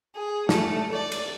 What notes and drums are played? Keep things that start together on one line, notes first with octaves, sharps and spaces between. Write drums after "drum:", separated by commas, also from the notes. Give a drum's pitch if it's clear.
G#4
A3, drum: snare
D5
drum: cymbal